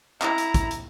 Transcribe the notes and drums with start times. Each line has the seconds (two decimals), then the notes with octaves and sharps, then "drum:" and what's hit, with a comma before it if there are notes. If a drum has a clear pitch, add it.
0.22 E4 A#5, drum: clap
0.38 drum: hi-hat
0.54 drum: kick A1, hi-hat
0.71 drum: hi-hat